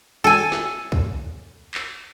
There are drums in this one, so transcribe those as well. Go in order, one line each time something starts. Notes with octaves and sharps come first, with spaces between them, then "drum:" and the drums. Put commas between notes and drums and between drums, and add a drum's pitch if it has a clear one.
A4 G#5
drum: snare
drum: kick
drum: clap